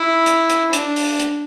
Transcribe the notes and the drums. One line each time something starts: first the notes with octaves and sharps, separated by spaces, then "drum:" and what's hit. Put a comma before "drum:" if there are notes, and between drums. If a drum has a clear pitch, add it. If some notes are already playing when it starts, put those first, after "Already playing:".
Already playing: E4
drum: hi-hat
drum: hi-hat
D4, drum: hi-hat
drum: open hi-hat
drum: hi-hat